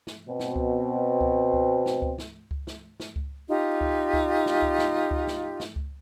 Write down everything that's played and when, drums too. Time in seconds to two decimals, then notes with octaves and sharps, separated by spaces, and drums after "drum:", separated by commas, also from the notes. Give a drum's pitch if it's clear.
0.07 drum: snare
0.28 B2 C4
0.39 drum: snare
0.56 drum: kick C#2
1.21 drum: kick C#2
1.53 drum: kick C#2
1.86 drum: snare
2.02 drum: kick C#2
2.18 drum: snare
2.51 drum: kick C#2
2.67 drum: snare
3.00 drum: snare
3.16 drum: kick C#2
3.48 D#4 F4 G4
3.81 drum: kick C#2
4.13 drum: kick C#2
4.46 drum: snare
4.62 drum: kick C#2
4.78 drum: snare
5.11 drum: kick C#2
5.27 drum: snare
5.60 drum: snare
5.76 drum: kick C#2